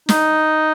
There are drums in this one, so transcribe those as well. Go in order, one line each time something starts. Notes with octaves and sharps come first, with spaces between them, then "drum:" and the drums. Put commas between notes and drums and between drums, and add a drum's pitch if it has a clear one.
D#4, drum: snare